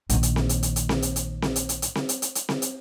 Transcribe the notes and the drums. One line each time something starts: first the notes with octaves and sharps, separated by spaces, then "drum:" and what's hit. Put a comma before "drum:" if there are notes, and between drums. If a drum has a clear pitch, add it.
A#1 D#3, drum: hi-hat
drum: hi-hat
drum: snare C4
drum: hi-hat
drum: hi-hat
drum: hi-hat
drum: snare C4
drum: hi-hat
drum: hi-hat
drum: snare C4
drum: hi-hat
drum: hi-hat
drum: hi-hat
drum: snare C4
drum: hi-hat
drum: hi-hat
drum: hi-hat
drum: snare C4
drum: hi-hat